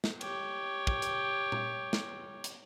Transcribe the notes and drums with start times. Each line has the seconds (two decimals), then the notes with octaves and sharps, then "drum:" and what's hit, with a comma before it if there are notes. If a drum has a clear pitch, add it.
0.04 drum: snare
0.21 G4 C#5, drum: cymbal
0.87 drum: kick
1.02 drum: hi-hat
1.52 drum: tom A#2
1.93 drum: snare
2.44 drum: hi-hat